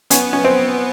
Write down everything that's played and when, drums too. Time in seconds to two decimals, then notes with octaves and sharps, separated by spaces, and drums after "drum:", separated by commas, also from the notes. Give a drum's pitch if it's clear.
0.10 B3 C#4, drum: hi-hat
0.33 C#4
0.44 C4